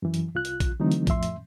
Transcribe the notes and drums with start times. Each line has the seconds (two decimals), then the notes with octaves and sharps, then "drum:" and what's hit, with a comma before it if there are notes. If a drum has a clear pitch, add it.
0.02 F#2 E3
0.14 drum: hi-hat
0.35 C2 F4 F#6
0.45 drum: hi-hat
0.60 drum: kick A#1, hi-hat
0.80 D3 E3 F#3 A3 C4 D#4
0.92 drum: hi-hat
1.07 F2 A2 F3 E5 C6, drum: kick A#1, hi-hat
1.23 drum: hi-hat